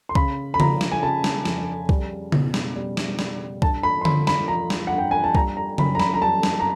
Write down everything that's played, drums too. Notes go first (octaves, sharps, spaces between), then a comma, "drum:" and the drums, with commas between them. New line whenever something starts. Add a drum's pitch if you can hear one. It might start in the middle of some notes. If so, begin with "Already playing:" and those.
C6
C#3 B5, drum: kick C2
B5
F3 A#5, drum: tom C#3
drum: snare
G#5
C#3 A5
drum: snare
F2, drum: snare
G3, drum: kick C2
B2, drum: tom C#3
drum: snare
G3
drum: snare
G3, drum: snare
G2 A5, drum: kick C2
B5
C6
F3 B5, drum: tom D3
B5, drum: snare
F3 A#5
drum: snare
G2 F#5
G5
G#5
A5
G3 A#5, drum: kick C2
A#5
F#2 B5, drum: tom C#3
A#5
B5, drum: snare
A#5
G3 A5
drum: snare
A#5